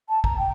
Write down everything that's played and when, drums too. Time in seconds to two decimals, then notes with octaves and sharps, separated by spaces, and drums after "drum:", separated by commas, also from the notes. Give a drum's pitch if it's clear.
0.09 A5
0.24 A#5, drum: kick
0.38 G5